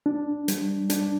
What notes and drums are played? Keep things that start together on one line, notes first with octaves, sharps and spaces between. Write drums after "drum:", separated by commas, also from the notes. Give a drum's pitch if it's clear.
D4
G3, drum: hi-hat
D4, drum: hi-hat